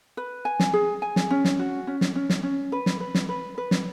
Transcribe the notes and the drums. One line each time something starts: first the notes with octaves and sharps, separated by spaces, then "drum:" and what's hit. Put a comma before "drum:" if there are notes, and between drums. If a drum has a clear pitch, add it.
B4
G#5
drum: snare
G#4
G#5
drum: snare
C#4
drum: snare
F#4
C#4
drum: snare
C#4
drum: snare
C#4
B4
drum: snare
B4
drum: snare
B4
B4
drum: snare